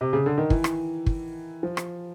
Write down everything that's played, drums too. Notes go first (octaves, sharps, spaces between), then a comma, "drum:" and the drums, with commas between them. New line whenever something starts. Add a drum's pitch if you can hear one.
C3
C#3
D3
D#3
E3, drum: kick
drum: rim click
drum: kick
F3
drum: rim click